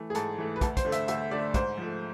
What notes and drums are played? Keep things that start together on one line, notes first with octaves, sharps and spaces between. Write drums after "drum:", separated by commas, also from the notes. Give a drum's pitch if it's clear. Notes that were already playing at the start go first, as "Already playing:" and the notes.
Already playing: E3 A3
G#4
G#2 A4, drum: hi-hat
E3 A3
B4
D2 A4, drum: kick, hi-hat
C5, drum: kick, hi-hat
D3 A3
E5, drum: hi-hat
D2 E5, drum: hi-hat
D3 A3 D5
G#2 C5, drum: kick, hi-hat
F3 A3